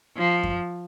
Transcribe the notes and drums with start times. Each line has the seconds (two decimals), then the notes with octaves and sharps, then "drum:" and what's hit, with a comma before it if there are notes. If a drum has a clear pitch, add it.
0.17 F3
0.43 drum: kick F#2